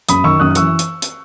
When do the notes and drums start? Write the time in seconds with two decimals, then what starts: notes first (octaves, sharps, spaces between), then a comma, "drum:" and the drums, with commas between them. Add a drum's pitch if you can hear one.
0.09 F#2 B5 D#6, drum: hi-hat
0.24 D#3 C#6 E6
0.40 F#2 D#6 F#6
0.50 F#6
0.55 E3 C#6 E6, drum: hi-hat
0.79 drum: hi-hat
1.02 drum: hi-hat